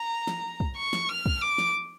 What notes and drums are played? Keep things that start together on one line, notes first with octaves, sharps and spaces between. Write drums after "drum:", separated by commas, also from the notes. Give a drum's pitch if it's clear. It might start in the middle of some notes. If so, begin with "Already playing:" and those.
Already playing: A#5
drum: snare
drum: kick
C#6
drum: snare
F6
drum: kick
D6
drum: snare